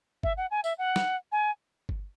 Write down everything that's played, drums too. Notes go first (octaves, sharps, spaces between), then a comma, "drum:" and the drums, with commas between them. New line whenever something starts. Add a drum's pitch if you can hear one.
E5, drum: kick G1
F#5
G#5
E5, drum: tambourine
F#5
drum: snare
G#5
drum: kick G1